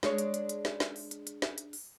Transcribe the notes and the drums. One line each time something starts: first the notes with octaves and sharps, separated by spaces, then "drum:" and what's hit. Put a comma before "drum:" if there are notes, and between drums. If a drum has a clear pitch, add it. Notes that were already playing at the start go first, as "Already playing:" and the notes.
G#3 D4 C#5, drum: snare
drum: hi-hat
drum: hi-hat
drum: hi-hat
drum: snare
drum: snare
drum: open hi-hat
drum: hi-hat
drum: hi-hat
drum: snare
drum: hi-hat
drum: open hi-hat